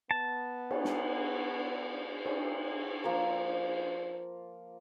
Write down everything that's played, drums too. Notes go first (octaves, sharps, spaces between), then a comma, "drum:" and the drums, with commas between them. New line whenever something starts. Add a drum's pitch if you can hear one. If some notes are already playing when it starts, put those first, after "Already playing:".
B3 A5
drum: cymbal
drum: snare
drum: cymbal
F3 A#3 F4 A#4